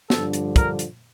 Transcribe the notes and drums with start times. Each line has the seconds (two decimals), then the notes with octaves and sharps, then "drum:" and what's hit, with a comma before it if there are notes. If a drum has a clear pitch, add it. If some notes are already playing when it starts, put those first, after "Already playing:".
0.10 G2 D3 F3 A4, drum: snare
0.33 drum: hi-hat
0.56 A#4, drum: kick, hi-hat
0.79 drum: hi-hat